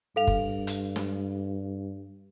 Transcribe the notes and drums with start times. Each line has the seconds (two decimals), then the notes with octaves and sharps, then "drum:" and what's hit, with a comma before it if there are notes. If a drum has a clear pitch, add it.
0.16 G2 A4 F5 F7
0.27 drum: kick
0.67 drum: hi-hat
0.96 drum: snare